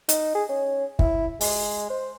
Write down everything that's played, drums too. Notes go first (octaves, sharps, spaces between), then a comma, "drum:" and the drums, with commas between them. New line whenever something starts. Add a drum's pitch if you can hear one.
D#4, drum: hi-hat
G#4
C#4
E4, drum: kick
G#3, drum: open hi-hat
C5